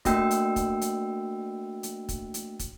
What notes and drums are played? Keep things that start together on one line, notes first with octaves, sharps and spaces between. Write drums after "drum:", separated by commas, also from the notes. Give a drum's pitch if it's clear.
A3 A#3 D4 F#4 G5 E6, drum: kick, hi-hat
drum: hi-hat
drum: kick, hi-hat
drum: hi-hat
drum: hi-hat
drum: kick, hi-hat
drum: hi-hat
drum: kick, hi-hat